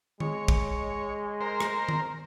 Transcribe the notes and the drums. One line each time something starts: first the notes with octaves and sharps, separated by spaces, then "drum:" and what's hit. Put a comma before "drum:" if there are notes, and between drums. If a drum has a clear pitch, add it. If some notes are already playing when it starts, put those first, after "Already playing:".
G#3 C#5, drum: tom D#3
drum: kick
A#4 C5
drum: rim click
drum: tom D#3